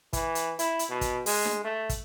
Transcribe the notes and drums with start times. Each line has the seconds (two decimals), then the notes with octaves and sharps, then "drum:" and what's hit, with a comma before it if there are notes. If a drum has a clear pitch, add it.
0.13 E3, drum: kick, hi-hat
0.35 drum: hi-hat
0.59 E4, drum: hi-hat
0.79 drum: hi-hat
0.89 B2
1.01 drum: kick, hi-hat
1.26 G#3, drum: open hi-hat
1.45 drum: snare D4
1.64 A3
1.89 drum: kick, hi-hat